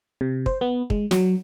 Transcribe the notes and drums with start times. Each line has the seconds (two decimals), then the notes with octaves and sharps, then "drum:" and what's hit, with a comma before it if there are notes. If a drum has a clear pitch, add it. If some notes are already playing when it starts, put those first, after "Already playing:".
0.21 C3
0.46 C5, drum: kick
0.61 B3
0.90 G#3, drum: kick
1.11 F#3, drum: snare